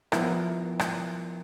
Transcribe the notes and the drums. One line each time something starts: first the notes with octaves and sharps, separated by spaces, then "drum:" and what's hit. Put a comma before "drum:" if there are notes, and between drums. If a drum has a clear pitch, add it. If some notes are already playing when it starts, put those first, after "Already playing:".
F3 B3 E4 A#4, drum: rim click
drum: rim click